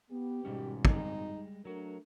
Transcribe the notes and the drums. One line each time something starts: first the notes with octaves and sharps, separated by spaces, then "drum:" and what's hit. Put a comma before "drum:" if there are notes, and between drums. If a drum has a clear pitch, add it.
B3 G4
G#1 G#2 B2 G3 C#4
G3 G#3 D#4, drum: kick
F#3 A3 D4 F#4 A#4